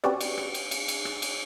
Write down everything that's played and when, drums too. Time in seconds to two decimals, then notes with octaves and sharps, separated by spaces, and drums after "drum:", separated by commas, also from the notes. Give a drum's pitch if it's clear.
0.04 C4 C#4 F#4 G4 B4 D5, drum: rim click
0.21 drum: cymbal
0.37 drum: rim click
0.54 drum: cymbal
0.71 drum: cymbal
0.88 drum: cymbal
1.05 drum: rim click
1.22 drum: cymbal